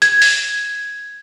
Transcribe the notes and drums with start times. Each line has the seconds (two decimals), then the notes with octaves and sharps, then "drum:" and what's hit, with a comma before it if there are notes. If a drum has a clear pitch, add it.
0.02 G#6, drum: hi-hat
0.22 drum: open hi-hat